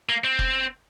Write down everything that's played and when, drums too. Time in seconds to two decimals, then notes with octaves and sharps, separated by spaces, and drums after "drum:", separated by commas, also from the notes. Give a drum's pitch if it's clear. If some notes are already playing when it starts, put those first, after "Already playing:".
0.09 A#3
0.24 C4
0.39 drum: kick F1